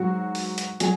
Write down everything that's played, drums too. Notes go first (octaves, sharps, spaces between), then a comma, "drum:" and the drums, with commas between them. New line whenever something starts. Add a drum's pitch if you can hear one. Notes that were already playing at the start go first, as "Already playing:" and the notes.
Already playing: G#2 F#3 F#4
drum: open hi-hat
drum: hi-hat
F#3 G#4, drum: hi-hat